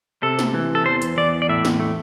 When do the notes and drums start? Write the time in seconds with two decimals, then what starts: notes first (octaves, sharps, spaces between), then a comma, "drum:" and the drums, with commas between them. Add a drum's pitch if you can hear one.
0.23 C3 A4
0.39 drum: snare
0.54 E3
0.75 A4
0.86 E2 C5
1.02 drum: hi-hat
1.17 E2 D5
1.42 D5
1.49 A2 E5
1.65 drum: snare
1.80 A3